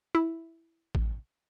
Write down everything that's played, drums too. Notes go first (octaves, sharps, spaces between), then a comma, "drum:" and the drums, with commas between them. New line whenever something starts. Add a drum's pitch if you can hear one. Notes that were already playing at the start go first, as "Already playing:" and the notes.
E4
drum: kick A1